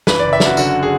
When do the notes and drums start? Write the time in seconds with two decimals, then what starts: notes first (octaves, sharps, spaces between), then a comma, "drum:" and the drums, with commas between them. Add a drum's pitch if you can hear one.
0.07 E3 B4, drum: snare
0.20 F#1 D5
0.33 E5
0.40 F#2, drum: snare
0.45 F#4
0.57 D3 F#4, drum: tambourine
0.83 G#4